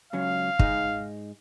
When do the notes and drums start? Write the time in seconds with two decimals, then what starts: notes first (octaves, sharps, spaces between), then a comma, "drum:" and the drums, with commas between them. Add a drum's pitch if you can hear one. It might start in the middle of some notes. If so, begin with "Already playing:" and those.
0.13 C#2 F#3 C#4 F5
0.59 G#2 D#4 G#4, drum: kick